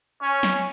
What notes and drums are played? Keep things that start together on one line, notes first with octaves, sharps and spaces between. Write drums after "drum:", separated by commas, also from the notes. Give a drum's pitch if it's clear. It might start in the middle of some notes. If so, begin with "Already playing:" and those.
C#4
drum: snare